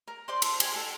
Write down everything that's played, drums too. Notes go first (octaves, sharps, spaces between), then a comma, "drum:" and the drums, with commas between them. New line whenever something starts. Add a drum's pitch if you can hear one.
A#4
C5 D5 C6
A4, drum: cymbal
G4 G#5, drum: cymbal
G#4 A4